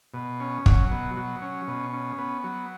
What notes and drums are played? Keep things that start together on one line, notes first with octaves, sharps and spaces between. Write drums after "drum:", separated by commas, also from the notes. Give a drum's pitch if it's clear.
B2
C#4
F#3, drum: kick
B2
F#3
C#4
B2
C#4
B3
F#3